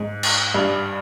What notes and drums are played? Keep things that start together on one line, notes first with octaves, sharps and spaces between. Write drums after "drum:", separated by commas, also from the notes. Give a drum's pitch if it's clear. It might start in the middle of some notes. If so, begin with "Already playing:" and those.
Already playing: G#2
drum: cymbal
G2